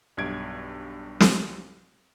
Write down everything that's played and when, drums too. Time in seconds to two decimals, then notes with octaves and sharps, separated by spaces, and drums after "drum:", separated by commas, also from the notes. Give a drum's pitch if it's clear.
0.17 B1 G2 G#6 D7
1.20 drum: snare